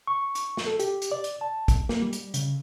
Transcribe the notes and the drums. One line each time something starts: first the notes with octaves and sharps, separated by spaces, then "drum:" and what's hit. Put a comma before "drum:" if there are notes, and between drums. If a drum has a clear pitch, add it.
C#6
drum: hi-hat
drum: snare
A4
G4, drum: hi-hat
drum: hi-hat
D5
drum: hi-hat
A5
drum: kick, hi-hat
A#3, drum: snare
G3
drum: hi-hat
C#3, drum: hi-hat